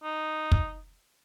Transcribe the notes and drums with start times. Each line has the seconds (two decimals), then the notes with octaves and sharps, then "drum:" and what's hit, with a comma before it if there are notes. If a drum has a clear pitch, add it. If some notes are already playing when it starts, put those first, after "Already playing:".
0.03 D#4
0.52 drum: kick